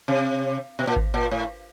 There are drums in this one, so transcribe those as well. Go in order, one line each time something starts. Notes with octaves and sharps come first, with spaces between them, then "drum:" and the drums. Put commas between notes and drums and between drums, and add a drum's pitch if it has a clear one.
C3
B2
A#2
drum: kick G#1
A#2
A2